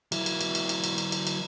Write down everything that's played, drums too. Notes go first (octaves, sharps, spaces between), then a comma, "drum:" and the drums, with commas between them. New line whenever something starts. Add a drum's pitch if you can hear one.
F#3 E4, drum: cymbal
drum: cymbal
drum: cymbal
drum: cymbal
drum: cymbal
drum: cymbal
drum: cymbal
drum: cymbal
drum: cymbal